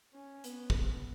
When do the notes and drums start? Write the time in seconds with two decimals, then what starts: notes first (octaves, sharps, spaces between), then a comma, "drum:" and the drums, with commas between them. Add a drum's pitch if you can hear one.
0.13 C#4
0.44 B3, drum: hi-hat
0.70 drum: kick